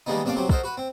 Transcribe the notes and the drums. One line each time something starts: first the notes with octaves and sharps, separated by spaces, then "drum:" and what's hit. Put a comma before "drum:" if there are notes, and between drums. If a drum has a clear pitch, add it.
D#3 G3 G#3 A#3 B3 D#4
B1 C3 A#3 D4 F5 D6
C3 F#3 G4 C5
F#4 A4 A#4 C5 D#5, drum: kick
F#4 B4
C4